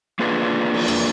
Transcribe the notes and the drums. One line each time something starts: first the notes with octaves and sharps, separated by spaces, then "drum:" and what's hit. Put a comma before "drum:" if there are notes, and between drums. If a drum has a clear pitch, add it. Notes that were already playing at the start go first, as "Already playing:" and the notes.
A#3 D4 F4 G#4 B4
drum: cymbal
drum: rim click